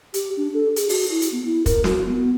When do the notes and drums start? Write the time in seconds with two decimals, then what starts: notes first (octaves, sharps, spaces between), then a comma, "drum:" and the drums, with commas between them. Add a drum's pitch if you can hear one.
0.14 G4, drum: hi-hat
0.37 D4
0.54 A4
0.76 G#4, drum: hi-hat
0.89 F#4, drum: open hi-hat
1.10 E4
1.22 drum: hi-hat
1.32 B3
1.45 E4
1.66 A#4, drum: kick, hi-hat
1.84 F#4, drum: snare
2.06 B3